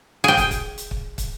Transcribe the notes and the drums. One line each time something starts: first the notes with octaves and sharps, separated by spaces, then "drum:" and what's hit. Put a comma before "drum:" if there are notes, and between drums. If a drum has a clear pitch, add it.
G#4 G5
drum: kick, hi-hat
drum: kick, hi-hat
drum: hi-hat
drum: kick
drum: kick, hi-hat